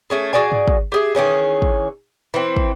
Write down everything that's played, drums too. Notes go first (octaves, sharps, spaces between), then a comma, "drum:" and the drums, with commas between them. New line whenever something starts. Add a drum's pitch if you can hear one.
A3 C#4 G#4
F#4 G#4 D5 G#5
drum: tom G2
drum: kick
G4 G#4 E5
D#3 E3 C#4 G#4
drum: kick
E3 C4
drum: kick